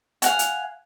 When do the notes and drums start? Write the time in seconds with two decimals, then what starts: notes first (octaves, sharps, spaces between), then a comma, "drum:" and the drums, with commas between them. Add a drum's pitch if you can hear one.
0.22 F5 F#5 G#5, drum: hi-hat
0.39 drum: hi-hat